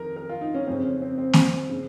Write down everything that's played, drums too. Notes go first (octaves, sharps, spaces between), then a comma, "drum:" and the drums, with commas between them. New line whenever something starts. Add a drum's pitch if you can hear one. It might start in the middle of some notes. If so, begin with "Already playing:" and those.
Already playing: F2 D#3 A#4
A#4
F4
D#4
C#4
F2 C#3 C4
C#4
C4
C4
drum: snare A#3
C#3